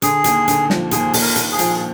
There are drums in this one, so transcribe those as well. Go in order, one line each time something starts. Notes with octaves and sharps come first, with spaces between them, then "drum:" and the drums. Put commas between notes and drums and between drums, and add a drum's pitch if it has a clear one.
D3 G#4, drum: hi-hat
D#2, drum: hi-hat
D3, drum: hi-hat
F3, drum: snare
D#2 G#4, drum: hi-hat
D#2, drum: open hi-hat
A#4
D#2, drum: hi-hat
G#4
F3, drum: hi-hat
G#4